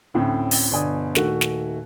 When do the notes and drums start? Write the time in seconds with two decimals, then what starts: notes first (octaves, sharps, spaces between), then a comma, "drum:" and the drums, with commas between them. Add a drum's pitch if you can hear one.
0.14 D2 A2 C4 C#4
0.51 drum: open hi-hat
0.71 G1 B2 D5 G#5 D#6
1.15 D#1 D#3 A3 F#4 F#6, drum: snare
1.41 drum: snare